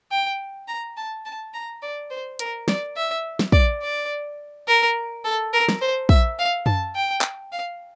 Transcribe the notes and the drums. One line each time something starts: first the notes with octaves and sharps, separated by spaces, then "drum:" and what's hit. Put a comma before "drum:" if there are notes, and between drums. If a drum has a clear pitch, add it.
G5
A#5
A5
A5
A#5
D5
C5
A#4, drum: hi-hat
D5, drum: snare
E5
drum: snare
D5, drum: kick
D5
A#4
A4
A#4
drum: snare
C5
E5, drum: kick
F5
A5, drum: tom F#2
G5
drum: clap
F5